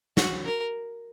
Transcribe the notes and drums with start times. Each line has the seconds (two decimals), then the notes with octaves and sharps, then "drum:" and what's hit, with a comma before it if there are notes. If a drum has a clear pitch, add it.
0.17 F#4, drum: snare
0.46 A#4